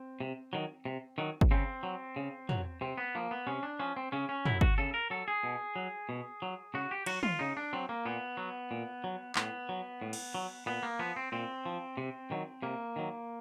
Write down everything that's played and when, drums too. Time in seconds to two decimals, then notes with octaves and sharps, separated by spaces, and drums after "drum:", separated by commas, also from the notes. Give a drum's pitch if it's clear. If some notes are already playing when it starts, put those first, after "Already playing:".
Already playing: C4
0.20 C3
0.53 D#3 F#3
0.85 C3
1.18 D#3 F#3
1.41 drum: kick
1.51 C#3 C4
1.83 F#3
2.16 C#3
2.49 F#3, drum: tom
2.81 C3 C4
2.98 B3
3.15 F3 A#3
3.31 B3
3.47 C3 C#4
3.63 D4
3.79 F3 C#4
3.96 C4
4.12 C#3 C#4
4.29 C#4
4.45 F#3 E4, drum: tom
4.61 F#4, drum: kick
4.78 C#3 A4
4.94 A#4
5.10 F#3 A4
5.28 G#4
5.43 B2
5.76 F#3
6.09 B2
6.42 F#3
6.74 C#3 F#4
6.91 G4
7.06 F#3 F#4, drum: cymbal
7.23 F4, drum: tom
7.39 C#3 D#4
7.57 D4
7.73 F#3 C4
7.89 A#3
8.05 A#2 B3
8.37 F#3
8.71 A#2
9.04 F#3
9.35 A2 B3, drum: clap
9.69 F#3
10.01 A2
10.13 drum: cymbal
10.34 F#3
10.66 A#2 B3
10.83 A#3
10.99 F3 B3
11.16 C4
11.32 A#2 C4
11.66 F3
11.97 C3
12.31 D#3 F#3
12.62 C3 A#3
12.96 D#3 F#3